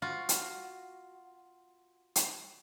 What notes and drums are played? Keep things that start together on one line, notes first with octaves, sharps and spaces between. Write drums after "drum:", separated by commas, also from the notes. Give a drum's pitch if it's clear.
F4 F#4
drum: hi-hat
drum: hi-hat